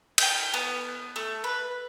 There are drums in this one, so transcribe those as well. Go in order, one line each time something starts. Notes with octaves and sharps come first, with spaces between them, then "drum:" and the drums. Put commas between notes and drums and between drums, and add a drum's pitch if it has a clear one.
G5 G6, drum: cymbal
B3
A3
B4